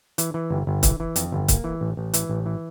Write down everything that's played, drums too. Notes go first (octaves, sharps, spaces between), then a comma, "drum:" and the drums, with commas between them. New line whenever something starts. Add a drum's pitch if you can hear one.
E3, drum: hi-hat
E3
G1
G1
E3, drum: kick, hi-hat
E3
F2, drum: hi-hat
G1
A#3, drum: kick, hi-hat
E3
A1
A1
E3, drum: hi-hat
A1
E3